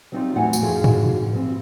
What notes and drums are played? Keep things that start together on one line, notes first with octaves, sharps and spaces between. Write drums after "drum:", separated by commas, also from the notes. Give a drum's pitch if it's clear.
F#3 G3 C4 D#4 F4
E2 A2 F#3 F#5 G#5
drum: tambourine
F#2 F3 D#4 F#4 G#4
drum: tom G#2
G2 C4